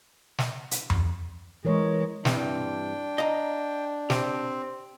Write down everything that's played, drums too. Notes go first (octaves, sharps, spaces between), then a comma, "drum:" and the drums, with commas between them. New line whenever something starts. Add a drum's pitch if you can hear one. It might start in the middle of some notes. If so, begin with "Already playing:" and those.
drum: snare
drum: hi-hat
drum: tom F2
E3 G#3 A#4 C#5
G2 C3 E3 D4 G5, drum: snare
D#5 F5 A#5
C4 G4, drum: snare